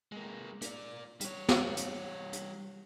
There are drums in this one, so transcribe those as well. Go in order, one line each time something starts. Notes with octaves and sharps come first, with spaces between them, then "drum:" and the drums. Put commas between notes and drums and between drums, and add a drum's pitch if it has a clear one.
G#3 A#3
A#3 D5, drum: hi-hat
G3 C#5, drum: hi-hat
drum: snare
drum: hi-hat
drum: hi-hat